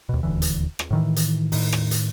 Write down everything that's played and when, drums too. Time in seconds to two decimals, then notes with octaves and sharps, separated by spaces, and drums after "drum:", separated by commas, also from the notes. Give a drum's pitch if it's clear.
0.09 D#2 B2
0.23 D#1 D2 E3
0.42 drum: hi-hat
0.79 drum: rim click
0.91 A2 D#3 E3
1.16 drum: hi-hat
1.52 A2 D#3, drum: open hi-hat
1.72 drum: rim click
1.91 drum: hi-hat